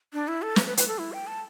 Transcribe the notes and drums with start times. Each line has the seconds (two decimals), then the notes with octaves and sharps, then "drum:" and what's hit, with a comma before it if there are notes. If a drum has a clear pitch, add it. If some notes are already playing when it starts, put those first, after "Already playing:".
0.13 D4
0.28 E4
0.42 A4
0.56 B4, drum: snare
0.67 B4
0.77 B4, drum: hi-hat
0.88 A4
0.99 E4
1.13 G5
1.27 A5